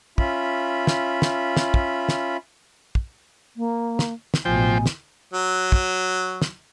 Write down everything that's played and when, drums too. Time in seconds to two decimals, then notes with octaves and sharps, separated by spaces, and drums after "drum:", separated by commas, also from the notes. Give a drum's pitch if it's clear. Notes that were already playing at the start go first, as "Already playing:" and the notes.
0.18 C#4 F4 E5 B5, drum: kick
0.87 drum: snare
1.22 drum: snare
1.57 drum: snare
1.74 drum: kick
2.09 drum: snare
2.95 drum: kick
3.56 A#3
3.99 drum: snare
4.34 drum: snare
4.45 A1 B2 F3 C5 G5 G#5
4.86 drum: snare
5.34 F#3
5.72 drum: kick
6.42 drum: snare